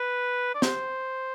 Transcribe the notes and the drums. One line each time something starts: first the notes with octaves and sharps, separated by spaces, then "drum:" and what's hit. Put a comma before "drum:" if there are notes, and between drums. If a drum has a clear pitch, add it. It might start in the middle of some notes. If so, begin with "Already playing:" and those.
Already playing: B4
D5
C5, drum: snare